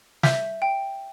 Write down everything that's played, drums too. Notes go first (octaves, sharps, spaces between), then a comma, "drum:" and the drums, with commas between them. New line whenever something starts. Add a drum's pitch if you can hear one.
E5 G6 B6, drum: snare
G5